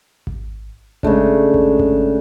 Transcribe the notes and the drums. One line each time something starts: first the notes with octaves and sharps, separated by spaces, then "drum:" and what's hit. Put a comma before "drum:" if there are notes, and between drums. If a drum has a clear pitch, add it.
drum: kick G#1
C#3 G#3 A3 D4, drum: kick G#1
drum: kick G#1
drum: kick G#1